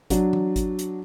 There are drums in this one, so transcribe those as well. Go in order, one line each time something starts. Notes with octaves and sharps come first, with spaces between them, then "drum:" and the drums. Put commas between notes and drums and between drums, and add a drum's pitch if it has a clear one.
F#3 D4, drum: kick G#1, hi-hat
drum: tom
drum: kick G#1, hi-hat
drum: hi-hat